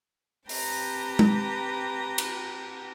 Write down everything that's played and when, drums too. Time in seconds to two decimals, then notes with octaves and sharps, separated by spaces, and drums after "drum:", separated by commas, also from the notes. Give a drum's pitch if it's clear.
0.49 C4 G4 B4 G5 A5 A#5, drum: open hi-hat
1.19 drum: tom G#3
2.18 drum: cymbal